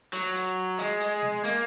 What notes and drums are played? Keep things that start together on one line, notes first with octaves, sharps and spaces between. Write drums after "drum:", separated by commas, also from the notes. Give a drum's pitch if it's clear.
F#3, drum: hi-hat
drum: hi-hat
G#3, drum: hi-hat
drum: hi-hat
drum: snare
A#3, drum: hi-hat